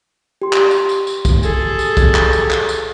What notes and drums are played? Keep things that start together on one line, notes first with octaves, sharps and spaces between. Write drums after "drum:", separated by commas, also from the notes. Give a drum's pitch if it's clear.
G4 C6
drum: clap
drum: tambourine
drum: tambourine
drum: tambourine
drum: kick, tambourine
G#4 A4, drum: tambourine
drum: tambourine
drum: kick, tambourine
drum: clap
drum: tambourine
drum: clap
drum: tambourine